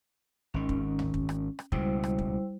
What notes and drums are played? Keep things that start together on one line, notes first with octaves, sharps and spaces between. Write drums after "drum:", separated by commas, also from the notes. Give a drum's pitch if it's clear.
G#1 D#3 C#4
drum: kick
drum: tom
drum: kick
drum: rim click
drum: rim click
C#2 B2 G3 E4 C5, drum: kick
drum: rim click
drum: kick